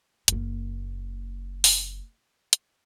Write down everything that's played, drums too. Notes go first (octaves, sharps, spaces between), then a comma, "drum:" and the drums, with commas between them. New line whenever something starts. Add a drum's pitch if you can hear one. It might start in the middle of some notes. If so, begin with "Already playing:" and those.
F#1 A#3, drum: hi-hat
drum: open hi-hat
drum: hi-hat